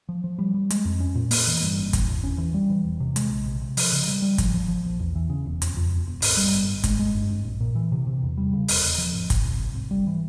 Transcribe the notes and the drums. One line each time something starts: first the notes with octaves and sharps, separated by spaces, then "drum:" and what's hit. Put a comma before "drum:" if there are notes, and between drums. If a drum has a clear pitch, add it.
F3
F3
G3
G3
G#3, drum: hi-hat
F2
C#4
A#2
A#3, drum: open hi-hat
E3
G2
G#1
E1, drum: kick G1, hi-hat
E2
C#4
E3
G3
E3
E1
C3
G#3, drum: hi-hat
A#1
C3
C3
F3, drum: open hi-hat
C#3
G3
G3
F3, drum: kick G1, hi-hat
F3
F3
A#1
E2
E3
C#3
E1
F2, drum: hi-hat
F2
E1
E1
G#1, drum: open hi-hat
G3
G1
G1
G#3, drum: kick G1, hi-hat
G#3
G2
G#1
A#1
A#2
E3
C3
C3
E2
G3
C#3
E1, drum: open hi-hat
E1
F3
G#1
C2, drum: kick G1, hi-hat
C2
G#1
G#1
G3
E3